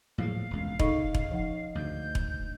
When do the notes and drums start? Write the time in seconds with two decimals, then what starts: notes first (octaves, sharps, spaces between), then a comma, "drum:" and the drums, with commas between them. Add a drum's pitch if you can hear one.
0.18 A2 F3 F#3 A#3 G#4 F5
0.51 E1 C#2
0.79 C#3 D#4 A4 D#5 C#6, drum: kick E1
1.14 drum: kick E1
1.31 F3 D#4 F#5
1.75 D2 G#2 G6
2.15 drum: kick E1